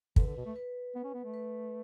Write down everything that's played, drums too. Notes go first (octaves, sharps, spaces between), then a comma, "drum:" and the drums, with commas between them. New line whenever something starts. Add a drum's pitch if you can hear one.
D3 B4, drum: kick
D3
B2
A3
B4
B3
C#4
B3
A3
B4